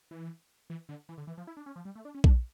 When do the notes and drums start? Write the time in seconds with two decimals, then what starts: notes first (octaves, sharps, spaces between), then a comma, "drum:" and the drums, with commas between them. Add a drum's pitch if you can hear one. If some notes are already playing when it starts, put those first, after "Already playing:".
0.11 E3
0.70 E3
0.89 D3
1.09 E3
1.18 D3
1.27 E3
1.38 F3
1.47 E4
1.57 D4
1.66 C#4
1.76 F3
1.85 G3
1.95 A3
2.05 D4
2.15 C#4
2.24 D4, drum: kick A#1